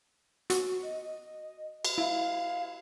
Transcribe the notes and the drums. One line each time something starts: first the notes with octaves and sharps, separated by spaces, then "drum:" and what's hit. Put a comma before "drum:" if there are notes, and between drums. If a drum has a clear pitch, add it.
F#4, drum: hi-hat
D#5
drum: cymbal
E4 F5